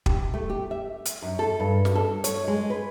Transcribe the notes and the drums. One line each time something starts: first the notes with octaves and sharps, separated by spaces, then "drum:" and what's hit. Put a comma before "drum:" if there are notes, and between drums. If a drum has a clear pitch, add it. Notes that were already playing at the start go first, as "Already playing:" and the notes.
G4, drum: kick
A3
G4
E5
drum: hi-hat
F#2
A4
G2
drum: snare
A4
C#5, drum: hi-hat
G#3
B4